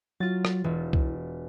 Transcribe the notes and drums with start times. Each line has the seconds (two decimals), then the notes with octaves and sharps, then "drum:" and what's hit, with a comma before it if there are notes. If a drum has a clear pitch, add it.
0.20 F#3 F4 A6
0.45 drum: rim click
0.64 E1 E3
0.93 drum: kick